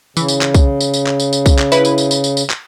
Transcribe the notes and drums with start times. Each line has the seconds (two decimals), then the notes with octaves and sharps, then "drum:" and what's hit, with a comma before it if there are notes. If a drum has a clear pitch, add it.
0.17 C#3 E3, drum: tambourine
0.28 drum: tambourine
0.41 drum: clap
0.54 drum: kick, tambourine
0.81 drum: tambourine
0.94 drum: tambourine
1.07 drum: clap
1.20 drum: tambourine
1.33 drum: tambourine
1.46 drum: kick, tambourine
1.59 drum: clap
1.72 E4 B4, drum: tambourine
1.85 drum: tambourine
1.98 drum: tambourine
2.11 drum: tambourine
2.24 drum: tambourine
2.37 drum: tambourine
2.50 drum: clap